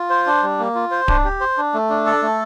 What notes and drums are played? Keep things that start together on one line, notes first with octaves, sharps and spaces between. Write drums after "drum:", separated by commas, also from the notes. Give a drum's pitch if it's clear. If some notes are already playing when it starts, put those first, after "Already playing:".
Already playing: F4
C5
D4
G3
A#3
F4
C5
D4, drum: kick D1
G4
C5
D4
A3
D4
A4
A3